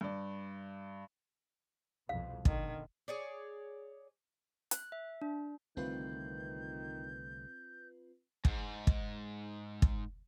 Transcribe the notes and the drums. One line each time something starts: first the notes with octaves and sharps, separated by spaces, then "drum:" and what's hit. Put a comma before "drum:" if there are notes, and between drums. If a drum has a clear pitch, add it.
G2 D5
C2 F2 B2 F5
A#1 D3 D#3, drum: kick
G#4 C#5 D5
F#6, drum: hi-hat
E5
D4
C2 D3 D#3 A3 C4 F4 B4 G6
E2 G#2, drum: kick
drum: kick
drum: kick